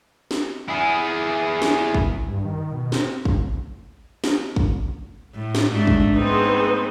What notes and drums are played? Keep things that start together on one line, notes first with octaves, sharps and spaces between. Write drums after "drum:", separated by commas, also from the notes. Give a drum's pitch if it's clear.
drum: snare
E4 G#4
drum: snare
drum: kick
G2
D#3
B2
C4, drum: snare
drum: kick
drum: snare
drum: kick
A2
drum: snare
G#2 A3 D4
drum: kick
A3 B3 C4 D#4 G#4 C5